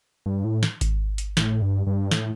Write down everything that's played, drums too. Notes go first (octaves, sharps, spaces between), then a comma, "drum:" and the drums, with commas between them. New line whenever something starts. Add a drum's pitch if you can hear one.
G2
A2
drum: snare
drum: kick G#1, hi-hat
drum: hi-hat
A2, drum: snare
G2
G2
A2, drum: snare